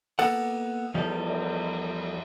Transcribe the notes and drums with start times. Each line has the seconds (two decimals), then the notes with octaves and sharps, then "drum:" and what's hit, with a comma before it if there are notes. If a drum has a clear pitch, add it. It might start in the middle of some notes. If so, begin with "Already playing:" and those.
0.19 A#3 B3 A4 F#5, drum: cymbal
0.94 E2 F3 G3 B3 G4 A4, drum: cymbal
1.27 drum: cymbal